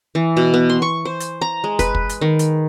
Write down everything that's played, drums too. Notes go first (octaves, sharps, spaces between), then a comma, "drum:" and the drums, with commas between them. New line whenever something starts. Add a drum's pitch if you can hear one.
E3
B2
B3
C6
C#6
C5
drum: hi-hat
A#5
G#3
B4, drum: kick, hi-hat
drum: kick
drum: hi-hat
D#3
drum: hi-hat